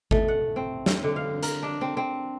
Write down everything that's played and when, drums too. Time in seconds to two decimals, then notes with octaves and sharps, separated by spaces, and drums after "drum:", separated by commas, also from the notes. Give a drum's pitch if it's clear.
0.11 A3, drum: kick G#1
0.28 F#5
0.56 C4
0.86 drum: snare
1.04 D3
1.16 F5
1.43 A#4, drum: hi-hat
1.63 D4
1.81 C4
1.97 C4